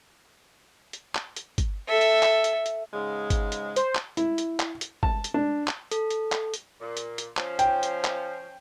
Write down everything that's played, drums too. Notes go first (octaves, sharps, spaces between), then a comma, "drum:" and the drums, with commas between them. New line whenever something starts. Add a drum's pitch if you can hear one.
drum: hi-hat
drum: clap
drum: hi-hat
drum: kick, hi-hat
A4 E5
drum: hi-hat
drum: clap
drum: hi-hat
drum: hi-hat
G#2 C#3 G#3
drum: kick, hi-hat
drum: hi-hat
C5, drum: hi-hat
drum: clap
E4, drum: hi-hat
drum: hi-hat
drum: clap
drum: hi-hat
A5, drum: kick
drum: hi-hat
D4
drum: clap
A4, drum: hi-hat
drum: hi-hat
drum: clap
drum: hi-hat
A#2
drum: hi-hat
drum: hi-hat
F3 C#4, drum: clap
G5, drum: hi-hat
drum: hi-hat
drum: clap